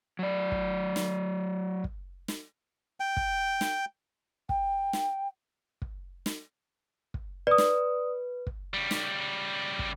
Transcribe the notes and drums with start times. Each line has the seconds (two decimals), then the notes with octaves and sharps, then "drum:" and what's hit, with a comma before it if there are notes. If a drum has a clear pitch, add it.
0.19 F#3 D5
0.52 drum: kick
0.96 drum: snare
1.84 drum: kick
2.28 drum: snare
3.00 G5
3.17 drum: kick
3.61 drum: snare
4.49 G5, drum: kick
4.93 drum: snare
5.82 drum: kick
6.26 drum: snare
7.14 drum: kick
7.47 B4 D5 D#6
7.58 drum: snare
8.47 drum: kick
8.74 C#3 G3
8.91 drum: snare
9.79 drum: kick